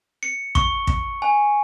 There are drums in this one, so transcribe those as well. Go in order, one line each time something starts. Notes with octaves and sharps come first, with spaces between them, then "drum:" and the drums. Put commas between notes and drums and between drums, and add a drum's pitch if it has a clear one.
C#7
C#6, drum: kick
drum: kick
G#5